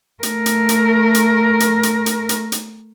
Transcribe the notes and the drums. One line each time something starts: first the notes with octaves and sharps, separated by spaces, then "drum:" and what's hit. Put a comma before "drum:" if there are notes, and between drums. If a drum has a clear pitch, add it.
A3 A#4, drum: hi-hat
drum: hi-hat
drum: hi-hat
drum: hi-hat
drum: hi-hat
drum: hi-hat
drum: hi-hat
drum: hi-hat
drum: hi-hat